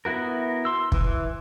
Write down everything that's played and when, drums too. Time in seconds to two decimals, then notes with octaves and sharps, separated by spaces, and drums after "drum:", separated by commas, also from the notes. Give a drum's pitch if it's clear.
0.05 B3 E4 F#4 A#4
0.65 C6 E6
0.92 E3, drum: kick